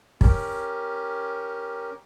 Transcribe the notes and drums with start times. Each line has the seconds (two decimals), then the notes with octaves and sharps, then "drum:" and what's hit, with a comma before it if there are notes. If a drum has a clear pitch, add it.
0.21 C#4 G4 A#4, drum: kick